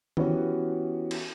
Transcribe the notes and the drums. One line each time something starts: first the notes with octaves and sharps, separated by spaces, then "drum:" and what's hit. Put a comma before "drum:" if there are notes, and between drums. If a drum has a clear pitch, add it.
E3 B3 C#4 F#4 G4, drum: tom D#3
drum: cymbal